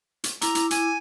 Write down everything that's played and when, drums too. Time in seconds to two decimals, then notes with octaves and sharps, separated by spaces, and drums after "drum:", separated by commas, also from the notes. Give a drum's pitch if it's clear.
0.24 drum: hi-hat
0.42 E4 A#5 D6, drum: hi-hat
0.55 drum: hi-hat
0.71 G#5, drum: hi-hat